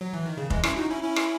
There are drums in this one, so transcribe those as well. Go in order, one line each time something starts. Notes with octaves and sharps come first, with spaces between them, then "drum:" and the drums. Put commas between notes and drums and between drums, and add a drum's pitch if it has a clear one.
F#3
E3
D#3
C#3
E3 G#3, drum: kick F1
C#4 E4, drum: rim click
D#4 F#4
C#4 E4
C#4 E4
drum: rim click